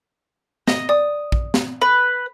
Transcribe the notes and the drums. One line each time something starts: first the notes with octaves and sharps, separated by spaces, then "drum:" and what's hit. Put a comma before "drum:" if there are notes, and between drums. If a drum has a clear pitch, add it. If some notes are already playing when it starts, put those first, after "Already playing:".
D#5, drum: snare
D5 D#6
drum: kick A#1
drum: snare
B4 B5